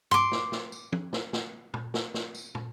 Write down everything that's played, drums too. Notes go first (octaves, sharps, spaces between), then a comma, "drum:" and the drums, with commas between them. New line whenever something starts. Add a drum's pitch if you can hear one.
C6 D6, drum: tom
drum: snare
drum: snare
drum: tambourine
drum: tom
drum: snare
drum: snare
drum: tom
drum: snare
drum: snare
drum: tambourine
drum: tom